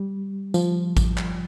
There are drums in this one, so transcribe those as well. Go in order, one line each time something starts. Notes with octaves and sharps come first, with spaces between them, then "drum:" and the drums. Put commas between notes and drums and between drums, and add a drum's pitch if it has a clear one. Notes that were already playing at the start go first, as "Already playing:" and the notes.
Already playing: G3
F3, drum: tambourine
drum: kick A1, tambourine
drum: clap